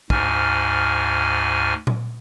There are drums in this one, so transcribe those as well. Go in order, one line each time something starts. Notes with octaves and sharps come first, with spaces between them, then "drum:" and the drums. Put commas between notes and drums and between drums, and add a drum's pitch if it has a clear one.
D2 G#2 G#5 F6, drum: kick
drum: tom A#2